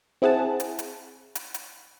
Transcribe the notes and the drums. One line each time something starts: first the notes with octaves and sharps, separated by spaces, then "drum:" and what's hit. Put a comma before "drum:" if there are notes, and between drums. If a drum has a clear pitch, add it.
C4 E4 G#4 F#5 A5
drum: hi-hat
drum: hi-hat
drum: hi-hat
drum: hi-hat